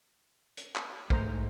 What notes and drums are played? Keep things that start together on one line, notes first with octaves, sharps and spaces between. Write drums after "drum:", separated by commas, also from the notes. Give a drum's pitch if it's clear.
drum: hi-hat
drum: clap
G#2 A3 C5 A#5, drum: kick